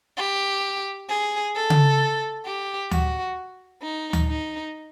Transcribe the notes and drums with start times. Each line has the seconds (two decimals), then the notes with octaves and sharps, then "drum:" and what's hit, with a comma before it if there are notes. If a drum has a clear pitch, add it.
0.18 G4
1.10 G#4
1.55 A4
1.70 drum: tom C#3
2.46 G4
2.91 F#4, drum: tom D2
3.83 D#4
4.13 drum: tom D2
4.29 D#4